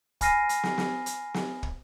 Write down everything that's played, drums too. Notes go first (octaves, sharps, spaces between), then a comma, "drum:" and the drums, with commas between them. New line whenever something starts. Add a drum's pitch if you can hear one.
G#5 B5 F6 A#6 C7 D#7, drum: kick, hi-hat
drum: hi-hat
drum: snare
drum: snare
drum: hi-hat
drum: snare
drum: kick